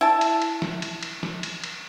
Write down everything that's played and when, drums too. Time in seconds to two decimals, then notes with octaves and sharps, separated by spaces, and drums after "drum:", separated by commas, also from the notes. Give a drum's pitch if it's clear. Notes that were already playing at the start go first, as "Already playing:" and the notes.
0.01 E4 A5
0.21 drum: cymbal
0.42 drum: cymbal
0.62 drum: snare
0.82 drum: cymbal
1.03 drum: cymbal
1.23 drum: snare
1.43 drum: cymbal
1.64 drum: cymbal